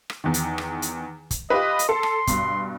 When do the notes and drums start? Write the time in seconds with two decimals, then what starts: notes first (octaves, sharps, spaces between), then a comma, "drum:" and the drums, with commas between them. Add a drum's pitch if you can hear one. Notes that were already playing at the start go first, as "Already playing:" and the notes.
0.10 drum: rim click
0.24 E2 D#3
0.34 drum: hi-hat
0.58 drum: rim click
0.82 drum: hi-hat
1.31 drum: kick, hi-hat
1.50 F4 G4 B4 D#5
1.79 drum: hi-hat
1.89 A4 C6
2.03 drum: rim click
2.27 G2 B2, drum: kick, hi-hat